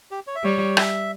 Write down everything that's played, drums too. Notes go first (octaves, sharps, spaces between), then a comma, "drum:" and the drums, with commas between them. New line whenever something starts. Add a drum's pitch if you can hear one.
G4
C#5
E5
G3 C#5
E5, drum: rim click